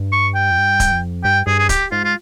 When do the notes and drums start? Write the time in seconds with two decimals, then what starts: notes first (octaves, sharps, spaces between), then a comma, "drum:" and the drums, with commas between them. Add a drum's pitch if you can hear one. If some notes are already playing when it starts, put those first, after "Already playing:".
Already playing: G2
0.12 C#6
0.35 G5
0.51 F2
0.58 G2
0.80 drum: kick D1, hi-hat
0.92 F2
1.24 G2 G5
1.47 G2 G#4
1.59 G#4
1.69 G4, drum: kick D1, hi-hat
1.91 G#2 F4
2.04 F4